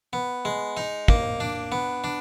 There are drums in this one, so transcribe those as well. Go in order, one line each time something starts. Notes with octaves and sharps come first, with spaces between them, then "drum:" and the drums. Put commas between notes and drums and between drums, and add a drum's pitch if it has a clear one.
B3
G#3
D#4
A#3, drum: kick
D4
B3
D4